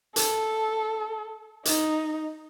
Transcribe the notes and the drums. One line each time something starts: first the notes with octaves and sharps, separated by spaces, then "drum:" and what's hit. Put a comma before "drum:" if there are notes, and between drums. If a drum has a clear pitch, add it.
A4, drum: hi-hat
D#4, drum: hi-hat